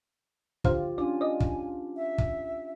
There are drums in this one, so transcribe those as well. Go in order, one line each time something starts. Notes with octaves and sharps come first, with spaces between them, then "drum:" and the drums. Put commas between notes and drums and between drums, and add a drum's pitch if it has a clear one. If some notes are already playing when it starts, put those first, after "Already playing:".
D3 F4 G4 C5 F5, drum: kick
C#4 D4 F4 D5 G#5
D5 D#5
drum: kick
E5
drum: kick